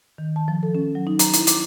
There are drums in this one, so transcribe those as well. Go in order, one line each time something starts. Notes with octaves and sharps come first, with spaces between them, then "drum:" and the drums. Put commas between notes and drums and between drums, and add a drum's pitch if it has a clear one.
D#3
A5
F3
A4
C#4
F#3
D#4
A#5, drum: hi-hat
E4, drum: hi-hat
D6, drum: hi-hat